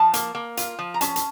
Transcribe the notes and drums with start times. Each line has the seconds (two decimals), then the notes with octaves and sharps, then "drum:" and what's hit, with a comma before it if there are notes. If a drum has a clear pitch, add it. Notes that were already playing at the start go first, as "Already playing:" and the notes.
Already playing: F3 A5
0.14 A#3, drum: hi-hat
0.35 A#3
0.57 F4, drum: hi-hat
0.79 F3
0.94 A#5
1.01 C#4 A5, drum: hi-hat
1.16 drum: hi-hat